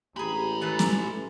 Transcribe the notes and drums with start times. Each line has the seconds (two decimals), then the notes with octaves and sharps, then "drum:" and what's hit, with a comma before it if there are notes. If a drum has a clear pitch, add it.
0.16 A1 G#3 G4 G#4 A#5 B5
0.61 E3 A4 B4
0.79 drum: snare